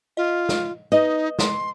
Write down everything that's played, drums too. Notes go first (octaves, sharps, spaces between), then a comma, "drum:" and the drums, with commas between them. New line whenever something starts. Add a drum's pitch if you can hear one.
F4 D#5
drum: snare
D#4 B4 D#5
C6, drum: snare